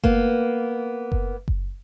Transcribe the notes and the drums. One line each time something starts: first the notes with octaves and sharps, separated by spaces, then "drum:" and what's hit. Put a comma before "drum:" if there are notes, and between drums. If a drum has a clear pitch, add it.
A#3 B3, drum: kick F#1
drum: kick F#1
drum: kick F#1